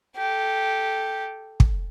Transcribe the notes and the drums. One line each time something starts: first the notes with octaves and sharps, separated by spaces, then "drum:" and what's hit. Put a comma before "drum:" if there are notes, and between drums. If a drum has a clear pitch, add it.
G4 A4
drum: kick